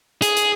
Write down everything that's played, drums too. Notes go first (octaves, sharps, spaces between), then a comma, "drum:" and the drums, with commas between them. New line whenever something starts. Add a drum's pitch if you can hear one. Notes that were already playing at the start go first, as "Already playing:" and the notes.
G#4, drum: hi-hat
drum: hi-hat